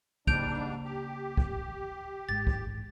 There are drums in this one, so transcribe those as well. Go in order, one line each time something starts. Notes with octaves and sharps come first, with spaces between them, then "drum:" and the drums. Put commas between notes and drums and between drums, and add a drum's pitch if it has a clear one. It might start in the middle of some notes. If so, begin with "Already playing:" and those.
G#2 C#3 G3 A#3 D4 G6 D7 F7, drum: kick
G4
drum: kick
G#1 G#2 G#3 A6
drum: kick